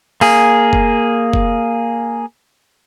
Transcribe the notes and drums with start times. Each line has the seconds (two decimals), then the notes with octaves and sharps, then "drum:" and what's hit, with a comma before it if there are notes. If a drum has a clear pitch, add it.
0.21 A#3 G#4, drum: open hi-hat
0.73 drum: kick F1
1.33 drum: kick F1